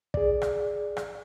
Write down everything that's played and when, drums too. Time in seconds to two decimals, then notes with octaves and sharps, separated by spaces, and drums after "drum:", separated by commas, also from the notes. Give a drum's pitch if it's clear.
0.14 G#4 D5, drum: kick
0.42 drum: rim click
0.97 drum: rim click